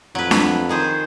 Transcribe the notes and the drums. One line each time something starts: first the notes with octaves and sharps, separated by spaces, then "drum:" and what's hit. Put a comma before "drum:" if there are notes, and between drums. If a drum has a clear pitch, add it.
F2 F#3 B4
drum: snare D4
D#3 G#4 C5